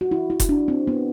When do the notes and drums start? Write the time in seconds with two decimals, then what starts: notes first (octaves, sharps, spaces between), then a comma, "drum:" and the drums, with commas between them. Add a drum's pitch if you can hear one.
0.01 F#4
0.11 E4
0.30 E4
0.40 drum: kick F1, hi-hat
0.49 D4
0.68 C4
0.88 B3